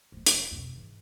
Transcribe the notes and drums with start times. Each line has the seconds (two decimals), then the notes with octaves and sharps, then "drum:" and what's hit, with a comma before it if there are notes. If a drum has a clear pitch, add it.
0.12 F3 G#3
0.26 E1, drum: hi-hat
0.51 F2 B2
0.72 G#2 E3